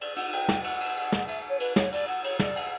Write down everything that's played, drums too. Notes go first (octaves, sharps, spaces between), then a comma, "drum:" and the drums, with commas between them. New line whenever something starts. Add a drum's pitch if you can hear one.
D5, drum: cymbal
F#5, drum: cymbal
G5, drum: cymbal
drum: snare
F#5, drum: cymbal
drum: cymbal
drum: cymbal
drum: snare
E5, drum: cymbal
C#5
B4, drum: cymbal
C#5, drum: snare
D5, drum: cymbal
F#5, drum: cymbal
C#5, drum: cymbal
D5, drum: snare
drum: cymbal